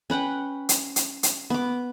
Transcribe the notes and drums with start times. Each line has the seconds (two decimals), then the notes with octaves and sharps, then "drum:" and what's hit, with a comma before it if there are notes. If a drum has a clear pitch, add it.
0.10 C#4 B4 F#5 G5
0.69 drum: hi-hat
0.96 drum: hi-hat
1.23 drum: hi-hat
1.50 B3 D6